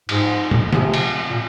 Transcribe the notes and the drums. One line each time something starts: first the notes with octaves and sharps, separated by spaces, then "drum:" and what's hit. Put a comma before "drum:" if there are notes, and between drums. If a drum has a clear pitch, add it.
G#2 F3 G#3 C4, drum: cymbal
drum: tom
C3 F3 G#3 C4, drum: snare
drum: cymbal
A#2